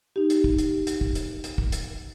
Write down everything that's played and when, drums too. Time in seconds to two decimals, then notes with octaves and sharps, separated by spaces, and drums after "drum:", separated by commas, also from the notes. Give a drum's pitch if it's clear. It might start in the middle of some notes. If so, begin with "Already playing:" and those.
0.16 D#4 G4
0.30 drum: hi-hat
0.44 drum: kick
0.58 drum: hi-hat
0.87 drum: hi-hat
1.01 drum: kick
1.15 drum: hi-hat
1.44 drum: hi-hat
1.58 drum: kick
1.72 drum: hi-hat